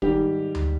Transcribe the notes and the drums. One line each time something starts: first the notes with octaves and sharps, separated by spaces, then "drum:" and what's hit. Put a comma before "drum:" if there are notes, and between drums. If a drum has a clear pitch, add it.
G#2 D#3 G3 G4, drum: kick
drum: tom D2